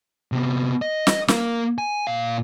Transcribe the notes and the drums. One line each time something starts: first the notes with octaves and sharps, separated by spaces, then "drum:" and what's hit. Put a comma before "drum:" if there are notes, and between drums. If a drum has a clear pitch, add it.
C3 B3
D#5
drum: snare
A#3 A#4, drum: snare
G#5
A#2 F5